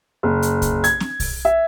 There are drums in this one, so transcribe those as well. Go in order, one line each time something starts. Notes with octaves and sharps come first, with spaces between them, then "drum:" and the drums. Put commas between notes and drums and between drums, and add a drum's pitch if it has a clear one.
F#1
drum: hi-hat
drum: kick, hi-hat
G#6, drum: hi-hat
drum: snare C4
drum: kick, open hi-hat
E5